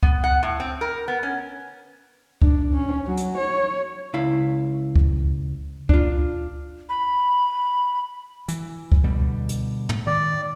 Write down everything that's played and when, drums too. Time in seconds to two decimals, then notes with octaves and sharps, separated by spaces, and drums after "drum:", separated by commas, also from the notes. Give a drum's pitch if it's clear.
0.03 B3, drum: kick C#2
0.24 F#5
0.43 A2
0.60 C4
0.81 A#4
1.08 B3
1.23 C#4
2.42 D4, drum: kick C#2
2.73 C#4
3.07 F#3
3.17 drum: hi-hat
3.37 C#5
4.14 C#2 E4 F5
4.96 drum: kick C#2
5.89 D4 F4, drum: kick C#2
6.89 B5
8.48 E3, drum: hi-hat
8.92 drum: kick C#2
9.04 B2 D3 G3
9.49 drum: hi-hat
9.89 drum: tom
10.07 D#3 D5